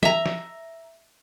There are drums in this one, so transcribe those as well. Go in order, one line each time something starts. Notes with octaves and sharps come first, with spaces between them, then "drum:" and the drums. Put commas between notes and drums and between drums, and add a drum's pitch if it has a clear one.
E5 A#5, drum: tom
drum: snare